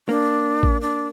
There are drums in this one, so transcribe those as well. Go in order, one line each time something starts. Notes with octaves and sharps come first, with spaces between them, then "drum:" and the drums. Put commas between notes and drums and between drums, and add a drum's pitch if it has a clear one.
A#3 D4
drum: kick A1
D4